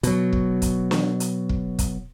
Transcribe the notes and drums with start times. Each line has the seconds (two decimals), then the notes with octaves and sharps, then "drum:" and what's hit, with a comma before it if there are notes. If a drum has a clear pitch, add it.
0.03 B2 F#3, drum: hi-hat
0.33 drum: kick
0.62 drum: kick, hi-hat
0.91 drum: snare
1.20 drum: hi-hat
1.49 drum: kick
1.79 drum: kick, hi-hat